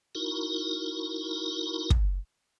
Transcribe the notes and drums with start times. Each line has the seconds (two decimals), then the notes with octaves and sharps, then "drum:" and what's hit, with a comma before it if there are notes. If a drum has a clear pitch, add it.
0.15 D#4 E4 F#4 A#4
1.90 drum: kick